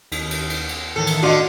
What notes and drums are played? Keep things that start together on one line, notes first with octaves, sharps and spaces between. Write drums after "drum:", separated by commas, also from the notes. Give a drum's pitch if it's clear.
D#2, drum: cymbal
drum: cymbal
drum: cymbal
drum: cymbal
A2 D#3 E3 A4
drum: cymbal
D3 D4 F4 F#4 D#5